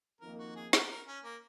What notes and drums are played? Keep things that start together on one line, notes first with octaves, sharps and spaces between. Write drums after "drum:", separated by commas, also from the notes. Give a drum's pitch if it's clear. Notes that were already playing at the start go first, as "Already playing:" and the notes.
F2 D#3 A#3 A#4
F#4
G#4
A#4, drum: snare
A#4
C#4
A#3